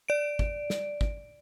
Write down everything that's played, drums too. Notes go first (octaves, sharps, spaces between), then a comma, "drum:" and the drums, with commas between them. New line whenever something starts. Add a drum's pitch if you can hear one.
D5 D7
drum: kick
drum: snare
drum: kick